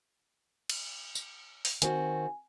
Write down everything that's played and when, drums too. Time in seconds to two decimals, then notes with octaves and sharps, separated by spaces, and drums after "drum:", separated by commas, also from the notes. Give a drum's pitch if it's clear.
0.70 drum: cymbal
1.15 drum: tambourine
1.65 drum: open hi-hat
1.82 D#3 C4 F#4 G#5, drum: hi-hat